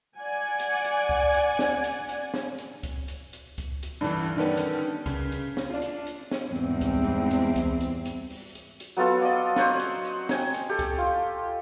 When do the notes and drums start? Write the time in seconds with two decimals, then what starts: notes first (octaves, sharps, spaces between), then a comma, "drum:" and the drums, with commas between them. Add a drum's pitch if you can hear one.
0.17 D5 F#5 G#5
0.60 drum: hi-hat
0.84 drum: hi-hat
1.09 drum: kick C#2
1.34 drum: hi-hat
1.59 drum: snare
1.84 drum: hi-hat
2.09 drum: hi-hat
2.34 drum: snare
2.59 drum: hi-hat
2.83 drum: kick C#2, hi-hat
3.08 drum: hi-hat
3.33 drum: hi-hat
3.58 drum: kick C#2, hi-hat
3.83 drum: hi-hat
4.01 G2 D3 E3
4.36 D3 D#3 G3 B3 C#4
4.57 drum: hi-hat
5.06 C#3, drum: kick C#2, hi-hat
5.32 drum: hi-hat
5.57 drum: snare
5.70 D4 F4
5.82 drum: hi-hat
6.07 drum: hi-hat
6.31 drum: snare
6.48 E2 G#2 G3 C4
6.81 drum: kick C#2, hi-hat
7.31 drum: hi-hat
7.56 drum: kick C#2, hi-hat
7.81 drum: hi-hat
8.05 drum: hi-hat
8.30 drum: open hi-hat
8.55 drum: hi-hat
8.80 drum: hi-hat
8.97 F#3 B3 F4 A4
9.22 D5 D#5
9.56 C5 C#5 F#5 A#5, drum: snare
9.80 drum: hi-hat
10.04 drum: hi-hat
10.29 G5 G#5 A#5, drum: snare
10.54 drum: hi-hat
10.69 G4 A4
10.79 drum: kick C#2, hi-hat
10.98 F4